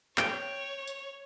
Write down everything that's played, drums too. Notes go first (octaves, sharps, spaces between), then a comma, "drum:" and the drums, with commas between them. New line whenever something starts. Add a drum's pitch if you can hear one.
C#5 G5, drum: clap
drum: tambourine